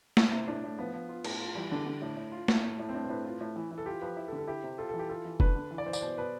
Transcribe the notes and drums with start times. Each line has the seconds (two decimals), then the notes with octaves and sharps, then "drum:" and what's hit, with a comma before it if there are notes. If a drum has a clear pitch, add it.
0.17 C3 E4, drum: snare
0.33 C3
0.48 A2 D4
0.64 A2
0.78 F3 B3
0.94 F3
1.09 F4
1.25 A2, drum: cymbal
1.41 F4
1.55 E3 G3
1.71 D3 D4
1.86 D3
2.01 A2
2.17 A2
2.32 F4
2.48 A2, drum: snare
2.63 A2
2.79 A2
2.89 C4
2.94 A2 D4
3.04 C5
3.09 A2 B4
3.25 F4
3.41 A2
3.56 E3
3.71 E3
3.78 A4
3.86 F4 G4
4.01 F3 B4
4.17 E4
4.28 A4
4.32 D3
4.38 A4
4.47 E4 G4
4.63 C3
4.78 F4 A4
4.89 A4
4.94 E3
4.99 G4
5.09 F4 A4
5.25 E3
5.40 D4 B4, drum: kick F1
5.56 D3
5.71 E3
5.78 D5
5.86 E3 C5
5.93 D5, drum: tambourine
6.01 B2 C5
6.18 B2 B4